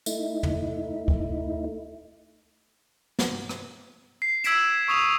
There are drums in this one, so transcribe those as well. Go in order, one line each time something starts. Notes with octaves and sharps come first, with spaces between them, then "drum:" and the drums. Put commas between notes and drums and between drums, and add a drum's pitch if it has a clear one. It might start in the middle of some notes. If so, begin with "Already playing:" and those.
A3 D#4 E4, drum: tambourine
drum: tom
drum: kick
drum: snare
drum: rim click
C7
E6 G#6 B6 D7 E7, drum: hi-hat
C#6 D#6 F7